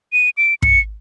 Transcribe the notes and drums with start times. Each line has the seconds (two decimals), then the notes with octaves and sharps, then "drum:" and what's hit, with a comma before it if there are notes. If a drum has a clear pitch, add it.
0.13 D#7
0.37 D7
0.62 C#7, drum: kick